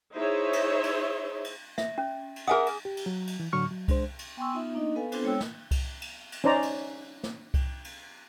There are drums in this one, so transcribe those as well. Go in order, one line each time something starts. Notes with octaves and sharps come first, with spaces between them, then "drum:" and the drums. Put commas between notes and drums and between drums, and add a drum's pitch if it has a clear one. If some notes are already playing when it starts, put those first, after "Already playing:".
D#4 E4 G#4 C5 C#5 E5
drum: cymbal
drum: cymbal
drum: cymbal
E5, drum: snare
C#4
drum: cymbal
G#4 A#4 E5 F#5 G#5 D#6
drum: cymbal
G4
drum: cymbal
F#3
drum: cymbal
E3
A2 D3 F#3 C#6 F6
F#3
G#3 D4 C5, drum: kick C2, cymbal
drum: cymbal
B3 G5 G#5 C6 C#6 E6
B3 D#4 F4 E5
A#3 D4 D#4 D#5
B3 A4 B4 F5 G#5
B3 C4 D4 F4 A4 C5, drum: cymbal
G#3 C#5 G5 E6
drum: snare
drum: kick C2, cymbal
drum: cymbal
drum: cymbal
C#4 D#4 C5 D5 A#5
drum: cymbal
drum: snare
drum: kick C2, cymbal
drum: cymbal